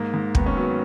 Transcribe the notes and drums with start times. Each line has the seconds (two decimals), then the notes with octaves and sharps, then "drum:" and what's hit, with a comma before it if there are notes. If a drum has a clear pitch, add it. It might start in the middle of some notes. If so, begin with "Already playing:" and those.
Already playing: G#2 A#3
0.14 G#2
0.35 D#3 B3, drum: kick
0.46 C#4
0.57 F#3 B3